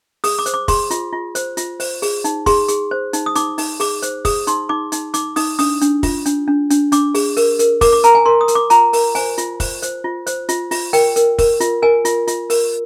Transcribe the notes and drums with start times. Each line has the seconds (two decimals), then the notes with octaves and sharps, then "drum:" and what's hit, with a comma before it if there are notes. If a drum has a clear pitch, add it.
0.24 G#4 D#6, drum: open hi-hat
0.39 D6
0.46 C5, drum: hi-hat
0.54 D6
0.68 G#4 C6, drum: kick, open hi-hat
0.91 F4, drum: hi-hat
1.13 F4
1.35 C5, drum: hi-hat
1.57 F4, drum: hi-hat
1.80 C5, drum: open hi-hat
2.02 G#4, drum: open hi-hat
2.24 D#4, drum: hi-hat
2.46 G#4 C6, drum: kick, open hi-hat
2.68 G#4, drum: hi-hat
2.91 C5
3.13 D#4, drum: hi-hat
3.26 D#6
3.35 D#4 D6, drum: hi-hat
3.58 D#4, drum: open hi-hat
3.80 G#4 D6, drum: open hi-hat
4.02 C5, drum: hi-hat
4.25 G#4 D#6, drum: kick, open hi-hat
4.47 D#4 C6, drum: hi-hat
4.69 D#4 D6
4.92 D#4, drum: hi-hat
5.14 D#4 D6, drum: hi-hat
5.36 D#4 D#6, drum: open hi-hat
5.59 D4 D#6, drum: open hi-hat
5.81 D4, drum: hi-hat
6.03 F4, drum: kick, open hi-hat
6.26 D4, drum: hi-hat
6.48 D4
6.70 D4, drum: hi-hat
6.92 D4 D6, drum: hi-hat
7.15 G#4, drum: open hi-hat
7.37 A#4, drum: open hi-hat
7.59 A#4, drum: hi-hat
7.81 A#4 D6, drum: kick, open hi-hat
7.93 D6
8.04 A#4 A#5, drum: hi-hat
8.15 G#5
8.26 A#4 C6
8.41 D#6
8.48 A#4, drum: hi-hat
8.55 D6
8.70 F4 A#5, drum: hi-hat
8.93 A#4, drum: open hi-hat
9.15 C5 G#5, drum: open hi-hat
9.38 F4, drum: hi-hat
9.60 C5, drum: kick, open hi-hat
9.83 C5, drum: hi-hat
10.04 F4
10.27 C5, drum: hi-hat
10.49 F4, drum: hi-hat
10.71 F4, drum: open hi-hat
10.93 A#4 G5, drum: open hi-hat
11.16 A#4, drum: hi-hat
11.38 A#4, drum: kick, open hi-hat
11.60 F4, drum: hi-hat
11.82 A#4 G#5
12.05 F4, drum: hi-hat
12.28 F4, drum: hi-hat
12.50 A#4, drum: open hi-hat